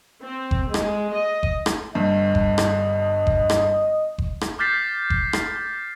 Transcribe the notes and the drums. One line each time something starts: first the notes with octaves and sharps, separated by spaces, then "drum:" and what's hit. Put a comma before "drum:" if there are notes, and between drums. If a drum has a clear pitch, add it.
C4
drum: kick F#1
G#3, drum: rim click
D#5
drum: kick F#1
drum: rim click
G1 G2 D#5
drum: kick F#1
drum: rim click
drum: kick F#1
drum: rim click
drum: kick F#1
drum: rim click
D6 F6 G6 A6 B6 C7
drum: kick F#1
drum: rim click